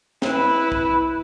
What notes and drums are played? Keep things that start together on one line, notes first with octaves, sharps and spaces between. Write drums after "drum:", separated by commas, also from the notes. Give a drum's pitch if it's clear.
E4 B4, drum: snare
drum: kick